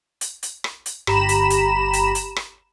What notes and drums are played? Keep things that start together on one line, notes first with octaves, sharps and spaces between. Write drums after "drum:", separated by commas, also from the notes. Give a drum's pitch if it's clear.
drum: hi-hat
drum: hi-hat
drum: rim click
drum: hi-hat
G1 G4 A#5 B5 E7, drum: rim click
drum: hi-hat
drum: hi-hat
drum: hi-hat
drum: hi-hat
drum: rim click